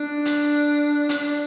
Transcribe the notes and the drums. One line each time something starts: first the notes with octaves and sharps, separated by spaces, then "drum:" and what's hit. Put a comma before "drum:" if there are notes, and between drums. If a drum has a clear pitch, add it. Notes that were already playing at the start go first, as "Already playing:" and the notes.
Already playing: D4
drum: hi-hat
D4, drum: hi-hat